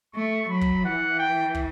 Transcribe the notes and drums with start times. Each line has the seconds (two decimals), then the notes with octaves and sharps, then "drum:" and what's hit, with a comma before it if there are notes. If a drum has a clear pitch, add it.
0.14 A3 C#6
0.50 F#3 B5
0.61 drum: kick
0.85 E3 F#5
1.19 G5
1.55 drum: kick